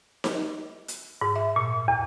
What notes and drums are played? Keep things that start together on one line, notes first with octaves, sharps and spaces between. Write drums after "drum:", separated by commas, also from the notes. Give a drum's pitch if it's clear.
drum: snare D#4
drum: hi-hat
G#2
E5
A#2
E2